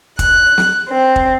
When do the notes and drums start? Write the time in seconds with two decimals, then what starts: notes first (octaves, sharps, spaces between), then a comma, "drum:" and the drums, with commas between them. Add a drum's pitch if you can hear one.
0.19 F#6, drum: kick, hi-hat
0.58 drum: snare
0.88 C4
1.16 drum: kick